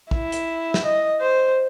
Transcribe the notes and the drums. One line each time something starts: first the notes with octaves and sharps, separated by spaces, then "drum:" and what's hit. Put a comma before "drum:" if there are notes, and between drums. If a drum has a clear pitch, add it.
E4, drum: kick
drum: hi-hat
drum: snare
D#5
C5